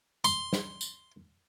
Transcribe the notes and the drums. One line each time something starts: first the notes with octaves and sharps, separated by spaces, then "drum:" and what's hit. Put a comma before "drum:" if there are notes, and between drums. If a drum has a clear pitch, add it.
C6, drum: tambourine
drum: snare
drum: tambourine